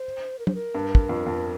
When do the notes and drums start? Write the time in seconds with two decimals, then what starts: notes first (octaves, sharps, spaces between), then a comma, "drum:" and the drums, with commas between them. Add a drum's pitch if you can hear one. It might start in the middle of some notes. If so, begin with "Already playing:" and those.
Already playing: C5
0.39 A#4
0.47 C5, drum: tom
0.55 A#4
0.75 G2
0.95 drum: kick
1.09 F2
1.27 F2